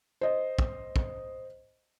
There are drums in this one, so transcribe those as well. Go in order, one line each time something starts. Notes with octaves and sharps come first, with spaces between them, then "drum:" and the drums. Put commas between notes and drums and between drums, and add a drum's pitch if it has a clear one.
C5 D#5
drum: kick
drum: kick